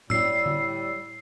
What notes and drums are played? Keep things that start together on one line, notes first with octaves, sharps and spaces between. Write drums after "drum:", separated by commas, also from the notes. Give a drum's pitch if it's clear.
A2 G3 E6 C7, drum: tom A2
drum: tom D3